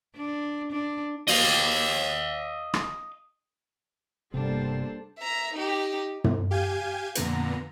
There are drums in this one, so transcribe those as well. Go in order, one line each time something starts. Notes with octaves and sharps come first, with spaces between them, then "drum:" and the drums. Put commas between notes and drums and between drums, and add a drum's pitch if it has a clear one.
D4
D4
D#5 F5, drum: open hi-hat
drum: rim click
G1 C3 G3 A#3 B3 D4 A4 C5
E5 A#5
D#4 G4
drum: tom
G4 F5 G#5 G6 G#6 D#7
F2 A#2 D3 B3 A#5, drum: hi-hat